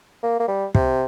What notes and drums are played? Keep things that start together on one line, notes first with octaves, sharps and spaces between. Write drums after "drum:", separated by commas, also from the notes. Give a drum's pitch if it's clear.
A#3
A#3
G3
C3, drum: kick